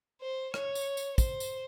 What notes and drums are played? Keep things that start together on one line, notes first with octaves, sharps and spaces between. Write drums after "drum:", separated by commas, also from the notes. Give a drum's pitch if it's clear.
C5
C#5, drum: rim click
drum: tambourine
drum: tambourine
C5, drum: kick, tambourine
drum: tambourine